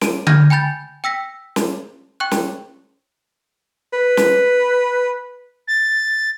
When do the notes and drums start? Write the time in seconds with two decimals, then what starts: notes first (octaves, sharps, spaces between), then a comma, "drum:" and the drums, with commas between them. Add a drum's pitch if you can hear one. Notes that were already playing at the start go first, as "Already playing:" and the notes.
0.01 D7 D#7, drum: snare
0.27 F6 G6 G#6 A#6 D#7, drum: tom D3
0.50 G5 G#5 B5 G6 A6
1.04 G5 E6 A#6 B6
1.56 drum: snare
2.20 G5 C#6 F#6
2.31 drum: snare
3.93 B4
4.17 drum: snare
5.68 A6